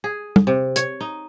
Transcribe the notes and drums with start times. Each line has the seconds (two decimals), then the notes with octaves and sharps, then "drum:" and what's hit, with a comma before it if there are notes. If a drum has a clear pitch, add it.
0.04 G#4
0.36 drum: tom
0.47 C3
0.76 C#5, drum: hi-hat
1.01 D#4